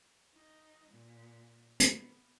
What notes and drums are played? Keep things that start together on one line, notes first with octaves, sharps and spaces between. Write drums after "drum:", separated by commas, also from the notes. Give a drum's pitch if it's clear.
D#4
A#2
B3, drum: hi-hat